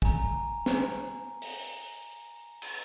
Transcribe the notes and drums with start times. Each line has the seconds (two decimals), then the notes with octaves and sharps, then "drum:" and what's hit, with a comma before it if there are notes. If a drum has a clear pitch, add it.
0.02 G#5 A#5, drum: kick
0.66 drum: snare
1.42 drum: open hi-hat
2.62 drum: cymbal